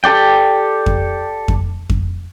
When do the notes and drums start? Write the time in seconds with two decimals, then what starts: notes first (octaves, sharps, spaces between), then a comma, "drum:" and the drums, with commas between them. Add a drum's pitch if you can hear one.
0.04 G4 A4 D5 G5
0.86 drum: kick F2
1.48 drum: kick F2
1.90 drum: kick F2